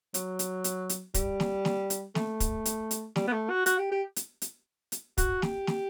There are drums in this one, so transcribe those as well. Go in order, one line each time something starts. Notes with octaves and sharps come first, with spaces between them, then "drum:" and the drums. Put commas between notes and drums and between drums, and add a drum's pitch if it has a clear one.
F#3, drum: hi-hat
drum: hi-hat
drum: hi-hat
drum: hi-hat
G3, drum: kick, hi-hat
drum: snare
drum: snare
drum: hi-hat
A3, drum: snare
drum: kick, hi-hat
drum: hi-hat
drum: hi-hat
G3, drum: snare
B3
A3
F#4
F#4, drum: hi-hat
G4
G4
drum: hi-hat
drum: hi-hat
drum: hi-hat
F#4, drum: kick, hi-hat
G4, drum: snare
drum: snare